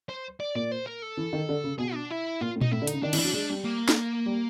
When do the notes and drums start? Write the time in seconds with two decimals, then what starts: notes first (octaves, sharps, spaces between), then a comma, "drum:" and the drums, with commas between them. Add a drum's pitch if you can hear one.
0.09 C5
0.40 D5
0.55 A#2 D5
0.71 C5
0.86 A#4
1.02 A4
1.17 E3
1.33 D#3
1.49 D3
1.64 C#3
1.79 B2 G#4
1.94 D4
2.10 E4
2.41 A#2 F4
2.56 A2
2.61 D#4, drum: tom A#2
2.72 A2 E4
2.82 D3
2.87 D#4, drum: hi-hat
2.93 C#3
3.03 D#3 D4
3.13 E3, drum: cymbal
3.19 D4
3.24 F#3
3.34 G#3 D4
3.49 G3
3.65 A#3
3.89 drum: snare
4.26 G3